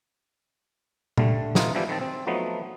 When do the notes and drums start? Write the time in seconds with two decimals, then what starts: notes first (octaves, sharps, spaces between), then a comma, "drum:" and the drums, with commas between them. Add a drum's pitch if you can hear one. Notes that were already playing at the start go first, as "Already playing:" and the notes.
1.17 D3 G3 A3, drum: tom A#2
1.55 A3 B3 D#4 F4, drum: snare
1.75 B2 E3 F3 G3 E4 G4
1.89 D#3 C4 A5
2.01 C4
2.27 F3 F#3 A3 B3 D#4